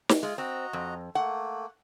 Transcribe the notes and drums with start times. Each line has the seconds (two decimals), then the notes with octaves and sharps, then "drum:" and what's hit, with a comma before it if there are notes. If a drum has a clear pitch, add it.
0.09 drum: snare
0.23 G#3 F4
0.38 C4 F#4 D#5 A#5
0.73 F2
1.15 A3 A#3 F#5